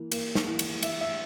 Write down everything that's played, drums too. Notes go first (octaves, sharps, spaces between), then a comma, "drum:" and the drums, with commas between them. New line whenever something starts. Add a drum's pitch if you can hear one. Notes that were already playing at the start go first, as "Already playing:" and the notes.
Already playing: E3 A#3
A#3, drum: cymbal
drum: snare
E3
drum: cymbal
E3 E5, drum: cymbal
E5